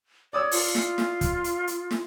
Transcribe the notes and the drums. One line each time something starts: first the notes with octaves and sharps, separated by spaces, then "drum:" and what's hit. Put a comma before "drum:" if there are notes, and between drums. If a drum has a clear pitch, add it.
C#5 D5 D#6 E6
F4, drum: open hi-hat
drum: snare
drum: snare
drum: kick, hi-hat
drum: hi-hat
drum: hi-hat
drum: snare